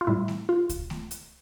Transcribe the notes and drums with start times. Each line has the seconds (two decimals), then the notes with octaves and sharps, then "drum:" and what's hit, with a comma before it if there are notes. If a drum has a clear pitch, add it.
0.01 F4
0.07 A2 G3 E4
0.28 drum: snare A3
0.49 F4
0.69 drum: kick C#2, hi-hat
0.90 drum: snare A3
1.11 drum: hi-hat